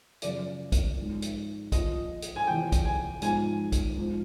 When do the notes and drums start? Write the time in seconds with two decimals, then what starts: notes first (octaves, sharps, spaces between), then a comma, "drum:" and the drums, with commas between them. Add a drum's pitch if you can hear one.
0.22 F#2 C#3 F3 D5, drum: hi-hat
0.72 drum: kick, hi-hat
0.97 G#2 F3
1.22 drum: hi-hat
1.72 A#2 F3 D#5, drum: kick, hi-hat
2.22 drum: hi-hat
2.36 G#5
2.47 E2 C3 F3 G5
2.72 drum: kick, hi-hat
2.85 G#5
3.22 G#2 F3 G#5, drum: hi-hat
3.72 drum: kick, hi-hat
3.97 G#2 F3